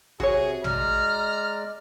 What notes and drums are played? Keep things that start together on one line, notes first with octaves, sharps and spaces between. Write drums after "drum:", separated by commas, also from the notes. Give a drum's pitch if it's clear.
C3 F#4 G#4 C#5, drum: kick
G#3 D5 A#5 F6, drum: tom